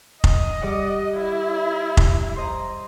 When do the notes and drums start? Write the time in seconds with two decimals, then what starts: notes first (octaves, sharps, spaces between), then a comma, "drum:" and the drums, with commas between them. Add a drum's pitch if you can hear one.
0.24 D#5, drum: kick F1
0.62 G3 D5 F#5
1.15 E4
1.97 drum: kick F1
2.36 C5 D#5 A#5